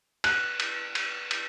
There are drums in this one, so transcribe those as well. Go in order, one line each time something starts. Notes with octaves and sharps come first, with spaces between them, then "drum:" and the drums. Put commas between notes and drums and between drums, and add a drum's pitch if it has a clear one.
F#6, drum: cymbal
drum: cymbal
drum: cymbal
drum: cymbal